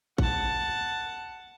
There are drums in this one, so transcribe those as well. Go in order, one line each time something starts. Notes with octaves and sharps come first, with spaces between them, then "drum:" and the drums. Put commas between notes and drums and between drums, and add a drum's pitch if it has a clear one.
F#5 A5, drum: kick A1